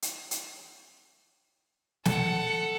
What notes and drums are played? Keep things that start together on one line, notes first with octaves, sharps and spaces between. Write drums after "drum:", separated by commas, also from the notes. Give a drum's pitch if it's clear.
drum: hi-hat
drum: hi-hat
A4 F#5, drum: snare